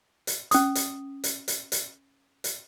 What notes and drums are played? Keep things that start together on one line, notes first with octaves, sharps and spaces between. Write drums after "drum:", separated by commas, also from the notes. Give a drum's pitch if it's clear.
drum: hi-hat
C#4 D#6, drum: hi-hat
drum: hi-hat
drum: hi-hat
drum: hi-hat
drum: hi-hat
drum: hi-hat